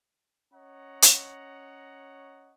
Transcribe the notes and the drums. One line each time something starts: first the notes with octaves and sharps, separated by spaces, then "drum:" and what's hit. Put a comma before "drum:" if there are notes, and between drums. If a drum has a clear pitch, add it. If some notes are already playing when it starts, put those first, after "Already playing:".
C#4 C#5 D#5 F#5 A#5
drum: hi-hat